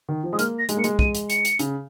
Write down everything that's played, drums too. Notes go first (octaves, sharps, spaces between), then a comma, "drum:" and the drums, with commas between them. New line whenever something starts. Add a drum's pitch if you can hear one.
D#3
F3
G#3 D#6
A#3 F6, drum: hi-hat
A#6
G#3, drum: hi-hat
A#3 C#7
G#3, drum: hi-hat
G#3 D#7, drum: kick
drum: hi-hat
C#7, drum: hi-hat
drum: hi-hat
C#3, drum: hi-hat